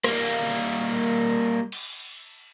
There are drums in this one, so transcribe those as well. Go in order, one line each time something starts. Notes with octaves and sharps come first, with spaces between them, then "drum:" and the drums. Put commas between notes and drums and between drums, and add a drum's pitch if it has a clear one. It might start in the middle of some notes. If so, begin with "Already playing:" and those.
G3 A#3, drum: rim click
drum: hi-hat
drum: hi-hat
drum: cymbal